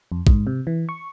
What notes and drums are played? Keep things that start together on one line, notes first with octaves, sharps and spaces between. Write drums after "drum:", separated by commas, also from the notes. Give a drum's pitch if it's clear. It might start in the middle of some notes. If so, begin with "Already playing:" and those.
F2
G#2, drum: kick
C3
E3
C#6